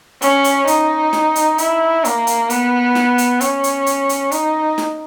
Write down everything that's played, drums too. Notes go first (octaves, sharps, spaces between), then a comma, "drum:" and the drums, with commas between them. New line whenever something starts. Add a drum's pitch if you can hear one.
C#4, drum: hi-hat
drum: hi-hat
D#4, drum: hi-hat
drum: snare
drum: hi-hat
E4, drum: hi-hat
A#3, drum: hi-hat
drum: hi-hat
B3, drum: hi-hat
drum: snare
drum: hi-hat
C#4, drum: hi-hat
drum: hi-hat
drum: hi-hat
drum: hi-hat
D#4, drum: hi-hat
drum: snare